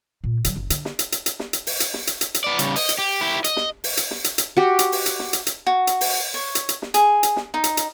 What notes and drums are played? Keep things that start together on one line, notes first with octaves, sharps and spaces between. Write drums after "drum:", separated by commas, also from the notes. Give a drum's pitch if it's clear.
A#2
D3 F#3, drum: hi-hat
F#1
D3, drum: hi-hat
drum: snare
drum: hi-hat
drum: hi-hat
drum: hi-hat
drum: snare
drum: hi-hat
drum: open hi-hat
drum: hi-hat
drum: snare
drum: hi-hat
drum: hi-hat
drum: hi-hat
B3 D5
C#3 G3, drum: hi-hat
D#5, drum: open hi-hat
drum: hi-hat
G4
E4 G4
D#5, drum: hi-hat
drum: snare
drum: open hi-hat
drum: hi-hat
drum: snare
drum: hi-hat
drum: hi-hat
F#4 G4
drum: hi-hat
drum: open hi-hat
drum: hi-hat
drum: snare
drum: hi-hat
drum: hi-hat
F#4
drum: hi-hat
drum: open hi-hat
C#5
drum: hi-hat
drum: hi-hat
drum: snare
G#4, drum: hi-hat
drum: hi-hat
drum: snare
D#4
drum: hi-hat
drum: hi-hat